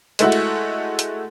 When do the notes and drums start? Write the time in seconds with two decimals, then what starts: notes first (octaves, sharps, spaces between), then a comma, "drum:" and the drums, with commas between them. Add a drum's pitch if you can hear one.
0.19 G#3 A3 E4 F#4, drum: hi-hat
0.32 drum: cymbal
0.99 drum: hi-hat